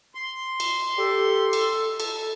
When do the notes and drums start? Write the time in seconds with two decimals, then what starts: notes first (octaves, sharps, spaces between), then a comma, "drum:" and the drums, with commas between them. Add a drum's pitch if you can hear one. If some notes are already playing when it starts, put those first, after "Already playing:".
0.15 C6
0.60 drum: cymbal
0.98 G4 A4
1.53 drum: cymbal
2.00 A4, drum: cymbal